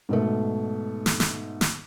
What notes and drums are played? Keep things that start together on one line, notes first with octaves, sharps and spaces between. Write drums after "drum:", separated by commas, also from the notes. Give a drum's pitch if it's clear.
G#2 B2 A3
drum: snare
drum: snare
drum: snare